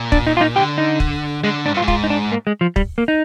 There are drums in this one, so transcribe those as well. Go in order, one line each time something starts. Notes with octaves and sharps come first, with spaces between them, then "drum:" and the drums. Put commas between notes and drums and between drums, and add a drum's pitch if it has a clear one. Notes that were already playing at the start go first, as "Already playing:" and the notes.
Already playing: A#2
D4, drum: kick
D#4
F4
D#4
D3 G4
D#4
drum: kick
D3 G#3
G#2 D4
G2
F4
G#2
F4, drum: kick
D#4
D4
A#3
G#3
F3
G3, drum: kick
A#3
D#4